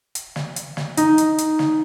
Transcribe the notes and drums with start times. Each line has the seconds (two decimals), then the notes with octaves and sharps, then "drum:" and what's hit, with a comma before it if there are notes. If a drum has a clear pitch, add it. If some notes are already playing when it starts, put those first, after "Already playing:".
0.15 drum: hi-hat
0.36 drum: snare
0.56 drum: hi-hat
0.77 drum: snare
0.97 D#4, drum: hi-hat
1.18 drum: hi-hat
1.38 drum: hi-hat
1.59 drum: snare